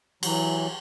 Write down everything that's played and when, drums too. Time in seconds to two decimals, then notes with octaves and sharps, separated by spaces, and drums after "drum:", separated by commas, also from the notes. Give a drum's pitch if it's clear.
0.23 E3 F#3, drum: cymbal